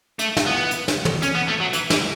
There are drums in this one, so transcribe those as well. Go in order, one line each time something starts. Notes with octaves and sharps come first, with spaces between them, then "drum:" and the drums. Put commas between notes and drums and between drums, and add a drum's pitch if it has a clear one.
A3, drum: hi-hat
drum: snare
B3
drum: hi-hat
drum: snare
drum: tom
C#4, drum: hi-hat
B3
A3
F#3
E3, drum: hi-hat
E3, drum: snare